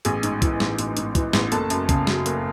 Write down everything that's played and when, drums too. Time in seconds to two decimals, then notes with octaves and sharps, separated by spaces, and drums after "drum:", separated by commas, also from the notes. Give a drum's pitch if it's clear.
0.05 A1 G#4 G#5, drum: hi-hat
0.23 G#2, drum: hi-hat
0.42 E3, drum: kick, hi-hat
0.60 A1, drum: snare
0.79 A1, drum: hi-hat
0.97 G#2, drum: hi-hat
1.15 E3, drum: kick, hi-hat
1.33 A1, drum: snare
1.52 F#1 A4 A5, drum: hi-hat
1.70 F#2, drum: hi-hat
1.89 C#3, drum: kick, hi-hat
2.07 F#3, drum: snare
2.26 F#1, drum: hi-hat